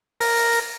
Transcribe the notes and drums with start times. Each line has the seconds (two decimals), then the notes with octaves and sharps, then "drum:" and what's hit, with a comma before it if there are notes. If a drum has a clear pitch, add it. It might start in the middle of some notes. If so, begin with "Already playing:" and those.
0.20 A#4, drum: open hi-hat
0.37 drum: open hi-hat
0.53 drum: hi-hat